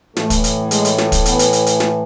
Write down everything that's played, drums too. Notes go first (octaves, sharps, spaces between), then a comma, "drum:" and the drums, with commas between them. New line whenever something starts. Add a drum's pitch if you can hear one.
A2 E3 A3, drum: snare
drum: kick, hi-hat
drum: hi-hat
G#3, drum: hi-hat
drum: hi-hat
drum: snare
drum: kick, hi-hat
B3, drum: hi-hat
drum: hi-hat
drum: hi-hat
drum: hi-hat
drum: snare